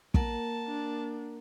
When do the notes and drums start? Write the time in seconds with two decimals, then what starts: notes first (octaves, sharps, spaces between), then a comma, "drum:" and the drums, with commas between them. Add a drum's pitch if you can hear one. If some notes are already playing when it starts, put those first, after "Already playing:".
0.14 A#3 A#4 F#5 A5, drum: kick
0.68 D4